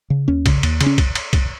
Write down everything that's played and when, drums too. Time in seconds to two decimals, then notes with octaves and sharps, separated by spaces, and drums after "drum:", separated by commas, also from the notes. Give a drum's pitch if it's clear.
0.10 C#3
0.28 D#2 C#4
0.46 C#3, drum: kick, cymbal
0.63 D#2, drum: cymbal
0.81 C#3, drum: cymbal
0.86 C#4
0.98 drum: kick, cymbal
1.15 drum: cymbal
1.33 drum: kick, cymbal